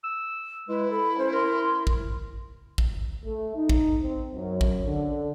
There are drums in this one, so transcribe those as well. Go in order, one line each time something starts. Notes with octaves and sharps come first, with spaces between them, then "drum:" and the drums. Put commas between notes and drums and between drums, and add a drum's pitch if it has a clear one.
E6
G#3 E4 B4
A4 B5
C#4 C5
A#4 C6
drum: kick
drum: kick
A3
D#4
drum: kick
C4
F#2
drum: kick
D3